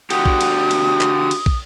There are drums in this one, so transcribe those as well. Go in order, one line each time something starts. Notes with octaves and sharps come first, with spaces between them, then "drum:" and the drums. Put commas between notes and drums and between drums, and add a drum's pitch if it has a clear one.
D3 F#4 G4 D#6, drum: cymbal
drum: kick
drum: cymbal
drum: cymbal
drum: clap
drum: cymbal
drum: kick